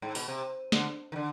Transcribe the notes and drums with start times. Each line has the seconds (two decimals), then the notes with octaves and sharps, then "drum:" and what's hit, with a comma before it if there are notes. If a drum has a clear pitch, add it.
0.02 G#2
0.15 B2, drum: open hi-hat
0.28 C3
0.72 D3, drum: snare
1.12 D#3
1.16 D3